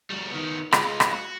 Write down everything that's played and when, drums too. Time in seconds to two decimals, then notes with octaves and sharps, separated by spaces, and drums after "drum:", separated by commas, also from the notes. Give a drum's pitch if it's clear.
0.10 G3 F#4
0.30 D#3 B3
0.72 G#3 F4, drum: rim click
1.00 drum: rim click
1.13 F#4